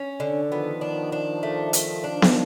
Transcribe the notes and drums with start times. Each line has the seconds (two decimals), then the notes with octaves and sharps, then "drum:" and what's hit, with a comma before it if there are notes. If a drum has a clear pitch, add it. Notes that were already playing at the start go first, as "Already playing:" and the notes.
Already playing: C#4
0.20 D3
0.51 D#3 F3 B3
0.81 D4
1.12 D4
1.43 A3
1.73 A3, drum: hi-hat
2.04 D4
2.22 drum: snare